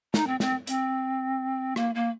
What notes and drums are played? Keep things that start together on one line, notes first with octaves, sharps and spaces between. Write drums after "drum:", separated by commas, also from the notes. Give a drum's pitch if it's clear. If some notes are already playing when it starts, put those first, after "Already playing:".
D#4, drum: snare
C4
C4, drum: snare
C4, drum: hi-hat
A#3, drum: rim click
A#3